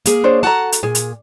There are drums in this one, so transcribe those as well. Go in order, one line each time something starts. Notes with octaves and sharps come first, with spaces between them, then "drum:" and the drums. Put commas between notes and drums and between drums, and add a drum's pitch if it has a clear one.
A#3 G#4 A#4, drum: hi-hat
D4 C5 C#5
F#4 A4 F#5 A5 A#5
drum: hi-hat
A#2 G#4
drum: hi-hat